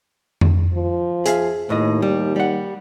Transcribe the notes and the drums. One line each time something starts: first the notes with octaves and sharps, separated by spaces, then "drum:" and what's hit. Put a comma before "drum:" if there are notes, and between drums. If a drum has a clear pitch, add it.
drum: tom F2
F3
G#4 E5 F5, drum: hi-hat
D#2 A2 D#5
G3
G3 F#5